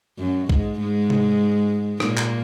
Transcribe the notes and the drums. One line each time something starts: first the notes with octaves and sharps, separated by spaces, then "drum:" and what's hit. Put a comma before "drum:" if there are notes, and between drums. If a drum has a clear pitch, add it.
F#2 F#3
G#2 G#3, drum: kick B1
G#2 G#3
drum: tom C3
A#2 A#3, drum: rim click
drum: clap